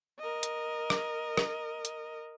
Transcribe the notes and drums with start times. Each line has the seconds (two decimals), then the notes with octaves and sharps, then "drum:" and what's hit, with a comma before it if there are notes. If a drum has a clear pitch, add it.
0.19 A#4 D#5
0.43 drum: hi-hat
0.90 drum: rim click
1.37 drum: rim click
1.85 drum: hi-hat